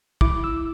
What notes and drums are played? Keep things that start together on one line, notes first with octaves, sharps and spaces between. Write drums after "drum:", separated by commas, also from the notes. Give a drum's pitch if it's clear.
E4 D6, drum: kick
E6